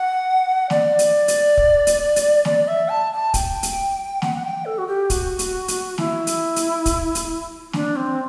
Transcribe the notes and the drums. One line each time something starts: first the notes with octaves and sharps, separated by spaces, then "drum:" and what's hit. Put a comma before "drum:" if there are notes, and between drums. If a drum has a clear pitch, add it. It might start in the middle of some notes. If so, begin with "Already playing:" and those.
Already playing: F#5
D5, drum: snare
drum: hi-hat
drum: hi-hat
drum: kick
drum: hi-hat
drum: hi-hat
D5, drum: snare
E5
A5
A5
G5, drum: kick, hi-hat
drum: hi-hat
F#5, drum: snare
F#5
G5
A4
F#4
G4
F#4, drum: kick, hi-hat
drum: hi-hat
drum: hi-hat
E4, drum: snare
drum: hi-hat
drum: hi-hat
drum: kick, hi-hat
drum: hi-hat
D4, drum: snare
C4